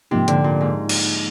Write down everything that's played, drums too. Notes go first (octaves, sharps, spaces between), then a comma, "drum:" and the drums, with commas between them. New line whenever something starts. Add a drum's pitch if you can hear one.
G#2 C3 F3 A#3 D#4
D3, drum: hi-hat
A#2
G#2
drum: cymbal